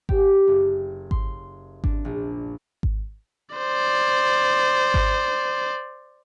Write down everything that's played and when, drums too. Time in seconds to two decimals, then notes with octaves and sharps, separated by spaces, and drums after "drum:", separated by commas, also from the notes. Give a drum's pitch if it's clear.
0.09 G4, drum: kick G#1
0.47 F#1
1.11 C6, drum: kick G#1
1.84 D4, drum: kick G#1
2.05 A#1
2.83 drum: kick G#1
3.55 C5 D5
4.94 drum: kick G#1